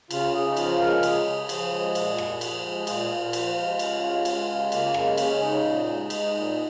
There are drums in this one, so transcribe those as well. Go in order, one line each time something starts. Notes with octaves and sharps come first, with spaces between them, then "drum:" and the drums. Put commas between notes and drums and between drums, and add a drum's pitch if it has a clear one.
C#3 F4, drum: cymbal
C#3 G#4
D#4
F3 F4, drum: cymbal
G#3 A#4
C#3 G#4, drum: cymbal
C#3
F3, drum: cymbal
G#3
A#2, drum: cymbal
A#2, drum: rim click
F3, drum: cymbal
G#3
A#2 F4, drum: cymbal
G#4
F4
A#2
F3, drum: cymbal
G#3
C#3, drum: cymbal
G#3
G#3, drum: cymbal
C#3
C#3 A#3, drum: cymbal
G#3 A#3, drum: rim click
G#3 C#4, drum: cymbal
C#4
C#3 D#4
A#2
G#3
G#3, drum: cymbal
A#2